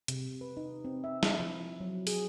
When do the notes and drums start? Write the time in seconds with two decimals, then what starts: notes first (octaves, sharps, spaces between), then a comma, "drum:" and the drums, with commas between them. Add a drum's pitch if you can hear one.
0.08 C3, drum: hi-hat
0.41 B4
0.57 D#4
0.84 C4
1.04 E5
1.23 E4, drum: snare
1.40 F3
1.80 F#3
2.07 G#4, drum: open hi-hat